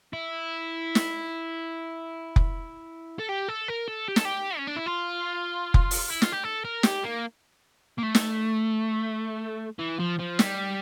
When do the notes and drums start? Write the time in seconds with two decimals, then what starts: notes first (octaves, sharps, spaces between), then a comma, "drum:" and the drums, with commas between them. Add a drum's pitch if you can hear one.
0.13 E4
0.95 drum: snare
2.36 drum: kick F1
3.19 A4
3.29 G4
3.48 A4
3.68 A#4
3.88 A4
4.08 G4
4.16 A4, drum: snare
4.25 G4
4.57 C#4
4.67 D4
4.77 E4
4.86 F4
5.74 drum: kick F1
5.91 drum: open hi-hat
6.10 E4
6.22 F4, drum: snare
6.32 G4
6.44 A4
6.65 A#4
6.83 G4, drum: snare
7.04 A#3
7.98 A#3
8.03 A3
8.15 drum: snare
9.79 E3
10.00 F3
10.19 F3
10.39 G3, drum: snare